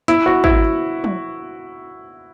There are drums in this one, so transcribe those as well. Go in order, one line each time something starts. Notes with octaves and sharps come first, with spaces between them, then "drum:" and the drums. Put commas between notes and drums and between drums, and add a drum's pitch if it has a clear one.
E4, drum: hi-hat
F#4
E4, drum: kick
drum: tom